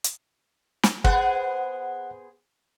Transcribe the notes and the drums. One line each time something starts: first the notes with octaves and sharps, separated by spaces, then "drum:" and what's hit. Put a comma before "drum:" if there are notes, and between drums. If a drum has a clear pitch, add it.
drum: hi-hat
drum: snare
B3 G#4 C5 F#5, drum: kick